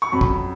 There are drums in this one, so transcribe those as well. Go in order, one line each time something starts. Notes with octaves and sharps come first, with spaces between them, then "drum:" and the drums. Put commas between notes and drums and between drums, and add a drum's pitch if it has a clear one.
C#6
F2 C#3 F#3 B5
drum: kick